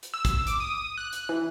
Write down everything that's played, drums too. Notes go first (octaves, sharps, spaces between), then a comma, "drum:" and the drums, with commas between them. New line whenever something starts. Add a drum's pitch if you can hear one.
drum: hi-hat
E6
drum: kick, hi-hat
D6, drum: hi-hat
D#6
F#6
drum: hi-hat
E3